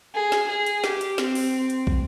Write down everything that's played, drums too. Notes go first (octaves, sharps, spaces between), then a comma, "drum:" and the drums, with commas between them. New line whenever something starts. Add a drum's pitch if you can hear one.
G#4
drum: snare
G#4
drum: hi-hat
G4, drum: snare
drum: hi-hat
C4, drum: snare
drum: open hi-hat
drum: hi-hat
drum: kick